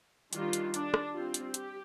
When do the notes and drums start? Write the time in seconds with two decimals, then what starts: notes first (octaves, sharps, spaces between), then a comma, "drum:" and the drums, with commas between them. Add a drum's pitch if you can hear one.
0.33 D#3 G3 D4 F4, drum: hi-hat
0.53 drum: hi-hat
0.74 D4, drum: hi-hat
0.94 drum: rim click
1.14 G3 C4 F4
1.34 drum: hi-hat
1.54 G4, drum: hi-hat